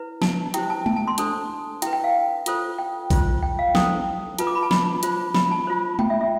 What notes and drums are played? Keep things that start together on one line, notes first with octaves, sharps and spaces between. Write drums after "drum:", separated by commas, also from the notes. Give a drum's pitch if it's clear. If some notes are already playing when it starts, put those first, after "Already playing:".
Already playing: E4 B4
A5, drum: snare
E4 G4 C5 G5, drum: hi-hat
A5
A5, drum: tom G#3
A5
C6
D4 A4 C5 A5, drum: hi-hat
E4 B4 G5, drum: hi-hat
G5
F5
F4 A4 C5, drum: hi-hat
G5
F4 C5, drum: kick A#1, open hi-hat
G5
F5
E4 A4 C5 G5, drum: snare
F4 B4 A5, drum: hi-hat
D6
B5
A5
B5, drum: snare
F4 C5, drum: hi-hat
B5, drum: snare
A5
F4 C5
G5, drum: tom G#3
E5
E5